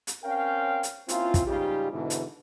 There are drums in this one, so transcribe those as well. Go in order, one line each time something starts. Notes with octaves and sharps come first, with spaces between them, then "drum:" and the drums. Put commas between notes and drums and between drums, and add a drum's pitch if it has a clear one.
drum: hi-hat
C4 C#4 A#4 C#5 F5 G5
drum: hi-hat
A#3 C4 C#4 E4 F4, drum: hi-hat
drum: kick, hi-hat
G#2 C#3 G3 D#4 F4 G4
G#2 B2 D3 E3
drum: hi-hat